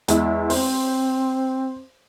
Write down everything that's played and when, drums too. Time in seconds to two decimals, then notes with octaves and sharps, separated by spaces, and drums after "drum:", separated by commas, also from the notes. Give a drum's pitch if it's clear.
0.08 E2 G#3 E4, drum: hi-hat
0.50 C4 C5, drum: open hi-hat